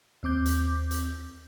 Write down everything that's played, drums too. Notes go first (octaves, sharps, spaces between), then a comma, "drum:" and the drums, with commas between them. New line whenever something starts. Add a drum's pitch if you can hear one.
D#2 C4 D6 G6
drum: hi-hat
drum: hi-hat